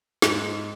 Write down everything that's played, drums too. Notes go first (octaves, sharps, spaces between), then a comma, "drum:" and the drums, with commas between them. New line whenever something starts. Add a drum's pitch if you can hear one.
G#2, drum: snare